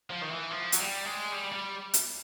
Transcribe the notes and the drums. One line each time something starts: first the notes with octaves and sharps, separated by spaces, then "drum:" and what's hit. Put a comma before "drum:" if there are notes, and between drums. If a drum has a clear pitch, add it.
F3
D#3
E3
F3
F#3, drum: hi-hat
G3
G#3
G3
G3
drum: hi-hat